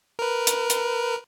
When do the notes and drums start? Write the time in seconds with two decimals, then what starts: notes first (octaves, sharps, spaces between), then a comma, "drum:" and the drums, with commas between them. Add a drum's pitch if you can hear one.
0.19 A#4 B4
0.47 drum: hi-hat
0.70 drum: hi-hat